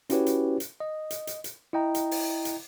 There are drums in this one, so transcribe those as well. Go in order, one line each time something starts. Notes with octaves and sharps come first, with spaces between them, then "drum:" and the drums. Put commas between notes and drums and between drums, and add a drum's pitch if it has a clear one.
C#4 E4 F#4 G4 B4 C#5, drum: hi-hat
drum: hi-hat
drum: hi-hat
D#5
drum: hi-hat
drum: hi-hat
drum: hi-hat
E4 D#5 G5 A#5
drum: hi-hat
drum: open hi-hat
drum: hi-hat